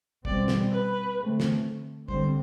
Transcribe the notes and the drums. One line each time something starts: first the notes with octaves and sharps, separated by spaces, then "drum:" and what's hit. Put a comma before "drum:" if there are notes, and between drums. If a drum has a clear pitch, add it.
B2 G3 C4 D5, drum: kick
drum: snare
B4
D3 A3 C4
drum: snare
D3 G3 C4 C5, drum: kick